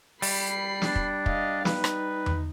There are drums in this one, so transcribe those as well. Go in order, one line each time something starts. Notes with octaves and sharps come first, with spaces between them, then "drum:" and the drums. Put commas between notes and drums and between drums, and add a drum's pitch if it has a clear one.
G3 B5 C7, drum: open hi-hat
D4, drum: snare
drum: kick
D#5 F5, drum: kick
D#4 B4, drum: snare
drum: rim click
drum: tom E2